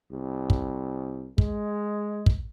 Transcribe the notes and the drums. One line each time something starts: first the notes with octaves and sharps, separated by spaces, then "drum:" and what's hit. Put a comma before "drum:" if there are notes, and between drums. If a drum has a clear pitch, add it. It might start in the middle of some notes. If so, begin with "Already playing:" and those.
C2
drum: kick
G#3, drum: kick
drum: kick